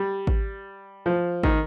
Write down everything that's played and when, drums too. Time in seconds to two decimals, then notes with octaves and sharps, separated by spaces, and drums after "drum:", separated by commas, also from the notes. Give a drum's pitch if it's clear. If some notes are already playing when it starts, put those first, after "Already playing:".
Already playing: G3
0.27 drum: kick G#1
1.06 F3
1.43 D#3, drum: kick G#1